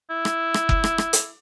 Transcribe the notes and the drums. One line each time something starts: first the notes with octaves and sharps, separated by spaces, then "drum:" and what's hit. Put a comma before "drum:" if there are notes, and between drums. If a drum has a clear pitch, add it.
E4
drum: rim click
drum: rim click
drum: kick F#1
drum: rim click
drum: rim click
drum: hi-hat